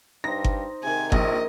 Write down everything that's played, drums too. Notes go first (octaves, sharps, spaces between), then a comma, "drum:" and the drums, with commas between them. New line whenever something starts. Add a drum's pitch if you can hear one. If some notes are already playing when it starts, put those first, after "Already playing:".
G2 D#4 C5 A#6
drum: kick G1
C3 D#3 G#4 G#5
A#1 D#5, drum: kick G1